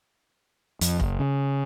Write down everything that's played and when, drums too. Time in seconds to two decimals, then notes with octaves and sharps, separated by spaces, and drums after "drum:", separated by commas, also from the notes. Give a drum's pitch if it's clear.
0.81 F2, drum: hi-hat
1.00 F#1, drum: kick F1
1.20 C#3